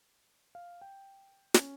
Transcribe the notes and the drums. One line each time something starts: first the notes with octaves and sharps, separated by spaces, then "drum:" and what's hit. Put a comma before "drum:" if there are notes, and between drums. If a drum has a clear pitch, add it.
F5
G5
C#4, drum: snare